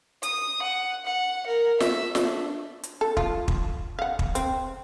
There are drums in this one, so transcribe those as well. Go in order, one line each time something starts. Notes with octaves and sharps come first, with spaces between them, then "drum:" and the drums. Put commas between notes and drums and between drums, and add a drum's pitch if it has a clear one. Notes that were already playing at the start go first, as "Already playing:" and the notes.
D#6, drum: hi-hat
F#5
F#5
A#4
E5, drum: snare
D4, drum: snare
drum: hi-hat
A4
F4, drum: kick
drum: kick
F5 F#5
drum: kick
C4, drum: hi-hat